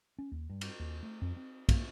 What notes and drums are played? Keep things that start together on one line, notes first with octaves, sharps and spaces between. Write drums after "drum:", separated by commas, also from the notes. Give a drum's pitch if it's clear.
C#4
D#2
G2
drum: cymbal
D#2
A3
F2
C4
A#3, drum: kick, cymbal